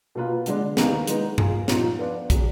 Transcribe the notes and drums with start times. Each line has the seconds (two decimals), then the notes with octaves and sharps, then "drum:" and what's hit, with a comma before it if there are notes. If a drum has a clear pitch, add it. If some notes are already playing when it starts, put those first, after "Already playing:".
0.15 B2 A#3 F4 B4
0.46 D3 G#3 D4, drum: hi-hat
0.77 D#3 A#3 D#4 G#4 B4, drum: snare
1.07 G#3 B3 D#4, drum: hi-hat
1.38 A#3 F4 G#4, drum: tom G2
1.68 A#2 F3 A#3 D#4, drum: snare
1.99 F3 B3 D4 F4
2.30 F#3 D4 G#4, drum: kick, hi-hat